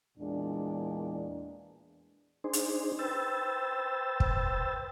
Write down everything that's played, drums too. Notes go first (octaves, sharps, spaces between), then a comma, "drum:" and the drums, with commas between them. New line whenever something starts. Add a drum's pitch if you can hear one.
E2 A#2 G#3 D4
D4 D#4 G#4 C5
drum: hi-hat
B4 C5 G5 E6 A6
drum: kick